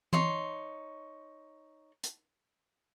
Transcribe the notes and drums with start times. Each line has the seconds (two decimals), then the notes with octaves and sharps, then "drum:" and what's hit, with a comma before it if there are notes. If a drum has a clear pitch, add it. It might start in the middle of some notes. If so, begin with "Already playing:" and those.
0.13 D#4 C#5 C6, drum: tom E3
2.03 drum: hi-hat